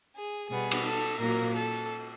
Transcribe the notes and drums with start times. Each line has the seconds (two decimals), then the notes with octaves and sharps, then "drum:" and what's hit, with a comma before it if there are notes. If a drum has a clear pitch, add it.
0.14 G#4
0.50 B2 G3 B3 G#4
0.71 drum: cymbal
0.85 A4
1.20 A#2 F#3 A#3 A#4
1.56 A4